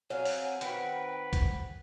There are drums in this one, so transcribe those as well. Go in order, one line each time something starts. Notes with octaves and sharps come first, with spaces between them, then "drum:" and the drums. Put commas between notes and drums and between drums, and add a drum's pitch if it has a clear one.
F#3 C4 C#5 F5 G#5
drum: open hi-hat
D#3 C4 F#4 B4 G5, drum: hi-hat
drum: kick, hi-hat